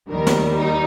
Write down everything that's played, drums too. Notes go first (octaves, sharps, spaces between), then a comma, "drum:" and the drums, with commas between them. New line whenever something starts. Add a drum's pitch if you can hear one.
D#2 D#3 G3 A#4
drum: snare
D#4